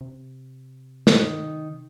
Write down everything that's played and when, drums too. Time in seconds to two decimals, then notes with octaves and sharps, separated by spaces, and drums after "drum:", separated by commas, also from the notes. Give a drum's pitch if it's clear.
0.01 C3
1.07 D#3, drum: snare